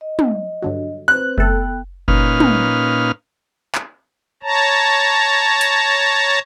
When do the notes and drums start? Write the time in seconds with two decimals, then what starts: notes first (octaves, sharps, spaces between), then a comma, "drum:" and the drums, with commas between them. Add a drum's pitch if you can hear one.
0.01 D#5
0.19 drum: tom
0.62 G2 D3 F#3
1.08 C4 B4 C5 F#6
1.38 A3 B3 A4 G5, drum: kick F#1
2.08 A#2 C#4 D#4 B4 F5 F6, drum: kick F#1
2.40 drum: tom
3.75 drum: clap
4.43 C#5 A5 A#5
5.61 drum: hi-hat